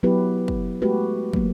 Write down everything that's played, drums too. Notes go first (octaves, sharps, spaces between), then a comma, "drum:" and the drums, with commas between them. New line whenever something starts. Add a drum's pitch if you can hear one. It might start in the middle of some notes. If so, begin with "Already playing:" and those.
F#3 B3 E4 G4 B4
drum: kick
G#3 A3 F#4 G4 B4
F#3 A#3, drum: kick